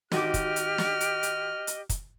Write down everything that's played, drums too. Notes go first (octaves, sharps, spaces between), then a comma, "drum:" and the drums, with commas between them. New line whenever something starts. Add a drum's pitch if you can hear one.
G#1 F#4 G4 D#5 D6 F6, drum: snare
drum: kick, hi-hat
drum: hi-hat
drum: snare
drum: hi-hat
drum: hi-hat
drum: hi-hat
drum: kick, hi-hat